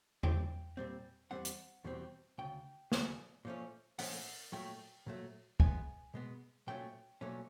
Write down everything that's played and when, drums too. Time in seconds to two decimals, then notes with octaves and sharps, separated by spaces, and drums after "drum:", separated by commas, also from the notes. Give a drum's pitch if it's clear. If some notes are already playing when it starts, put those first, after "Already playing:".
0.23 A#2 G3 C4 G5, drum: tom E2
0.77 A#2 G3 C4
1.31 E2 B2 G3 C4 F#5
1.45 drum: hi-hat
1.84 E2 B2 G3 C4
2.38 D2 C#3 G5
2.92 D2 C#3 F#3 A3 C#4, drum: snare
3.45 A#2 F3 A3 C#4
3.99 A#2 F3 A3 C#4 F#5, drum: open hi-hat
4.52 A#2 F#3 A3 G5
5.06 A#2 F#3 A3
5.60 B2 G#3 B3 G#5, drum: kick
6.14 B2 G#3 B3
6.67 B1 A#2 F#3 A3 C#4 G5
7.21 B1 A#2 F#3 A3 C#4